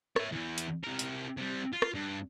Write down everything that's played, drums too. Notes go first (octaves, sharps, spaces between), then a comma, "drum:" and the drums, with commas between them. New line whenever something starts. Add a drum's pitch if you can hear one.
C#5 E5, drum: rim click
E2 E3
drum: hi-hat
C3 A#4
drum: hi-hat
C3 G3
F4
drum: rim click
G2